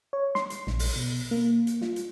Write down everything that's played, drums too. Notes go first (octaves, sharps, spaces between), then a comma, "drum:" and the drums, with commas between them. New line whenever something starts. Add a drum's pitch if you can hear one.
C#5
C6, drum: snare
drum: hi-hat
A#1, drum: snare
drum: open hi-hat
B2
A#3
drum: hi-hat
F4, drum: snare
drum: hi-hat